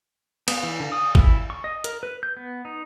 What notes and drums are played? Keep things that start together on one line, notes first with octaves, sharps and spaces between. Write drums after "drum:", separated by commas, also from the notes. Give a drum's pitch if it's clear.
B3, drum: cymbal
E3
D3
D#6
E4, drum: kick G#1
C#6
D#5
A#4, drum: hi-hat
B4
G6
B3
D#4